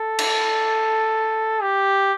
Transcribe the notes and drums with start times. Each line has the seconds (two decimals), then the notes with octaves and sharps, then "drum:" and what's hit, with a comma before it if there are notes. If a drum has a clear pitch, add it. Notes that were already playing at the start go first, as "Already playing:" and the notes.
Already playing: A4
0.19 drum: cymbal
1.62 G4